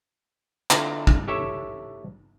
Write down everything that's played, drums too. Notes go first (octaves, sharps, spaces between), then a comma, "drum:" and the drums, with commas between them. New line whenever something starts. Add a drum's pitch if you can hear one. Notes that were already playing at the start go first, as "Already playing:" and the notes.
D3 E4 F4, drum: clap
drum: kick
E4 G4 A4 C#5 E5